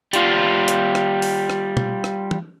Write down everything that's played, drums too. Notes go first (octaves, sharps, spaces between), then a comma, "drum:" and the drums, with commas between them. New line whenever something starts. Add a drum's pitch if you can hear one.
G3 F4, drum: hi-hat
drum: hi-hat
drum: rim click
drum: open hi-hat
drum: rim click
drum: tom B2
drum: rim click
drum: tom